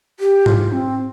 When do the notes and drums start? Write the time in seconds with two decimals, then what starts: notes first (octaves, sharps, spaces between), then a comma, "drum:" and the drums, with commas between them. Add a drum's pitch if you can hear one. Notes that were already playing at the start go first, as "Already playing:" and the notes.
0.20 G4
0.46 F4, drum: tom G#2
0.72 C4